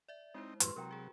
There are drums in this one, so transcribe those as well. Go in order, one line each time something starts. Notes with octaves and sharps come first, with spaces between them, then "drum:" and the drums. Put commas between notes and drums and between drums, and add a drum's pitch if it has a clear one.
D5 E5
G#3 C4 D#4 E4 C5
F#2 A2 E3 G4 B4 C6, drum: hi-hat
C3 F#3 A#4 G5 A#5
F#4 G#4